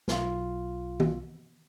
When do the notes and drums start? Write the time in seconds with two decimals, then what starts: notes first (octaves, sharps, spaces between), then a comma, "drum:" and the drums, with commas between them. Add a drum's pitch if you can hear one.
0.08 B1 F4, drum: snare
1.00 drum: tom D#3